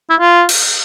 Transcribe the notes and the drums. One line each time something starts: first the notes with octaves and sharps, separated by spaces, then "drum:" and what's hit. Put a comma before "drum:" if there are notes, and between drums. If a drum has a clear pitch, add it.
E4
F4
drum: cymbal